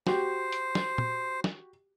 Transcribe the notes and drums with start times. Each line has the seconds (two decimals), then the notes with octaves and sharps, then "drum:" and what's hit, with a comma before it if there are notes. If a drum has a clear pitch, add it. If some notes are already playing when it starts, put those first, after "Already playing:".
0.07 F#4 G4 C5, drum: snare
0.52 drum: hi-hat
0.75 drum: snare
0.98 drum: tom
1.44 drum: snare